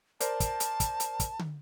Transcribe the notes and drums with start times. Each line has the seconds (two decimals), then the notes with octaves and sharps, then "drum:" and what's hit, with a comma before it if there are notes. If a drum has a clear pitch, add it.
0.20 A#4 C5 D5 A5, drum: hi-hat
0.40 drum: kick, hi-hat
0.60 drum: hi-hat
0.80 drum: kick, hi-hat
1.00 drum: hi-hat
1.20 drum: kick, hi-hat
1.39 drum: tom